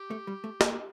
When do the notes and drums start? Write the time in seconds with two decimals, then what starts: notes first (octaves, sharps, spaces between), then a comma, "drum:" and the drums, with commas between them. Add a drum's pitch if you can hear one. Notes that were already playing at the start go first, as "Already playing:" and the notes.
Already playing: G4
0.11 A3
0.27 G3
0.44 A3
0.61 A#3, drum: snare